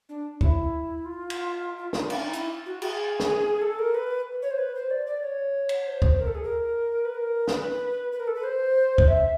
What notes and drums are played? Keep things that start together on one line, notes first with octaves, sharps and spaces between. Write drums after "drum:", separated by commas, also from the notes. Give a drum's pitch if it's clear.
D4
E4, drum: kick
F4
drum: cymbal
F4
D#4, drum: snare
D4
C#4, drum: cymbal
D4
D#4
E4, drum: hi-hat
F#4
G#4, drum: cymbal
drum: snare
A4
A#4
B4
C#5
C5
B4
C5
D5
D5
C#5
drum: cymbal
C5
drum: kick
A#4
A4
G#4
A#4
B4
A#4
B4, drum: snare
B4
A#4
A4
B4
C5
drum: kick
E5